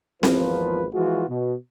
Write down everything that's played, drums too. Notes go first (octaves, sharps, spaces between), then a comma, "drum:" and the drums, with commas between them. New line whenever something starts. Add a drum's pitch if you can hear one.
G#1 E2 F3 A#3 F4 B4, drum: snare C4
E3 F3 G#3 F4 F#4
B2